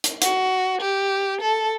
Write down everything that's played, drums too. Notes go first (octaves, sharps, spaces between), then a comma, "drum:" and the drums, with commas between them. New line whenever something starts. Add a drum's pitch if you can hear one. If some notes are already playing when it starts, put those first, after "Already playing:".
drum: hi-hat
F#4, drum: hi-hat
G4
A4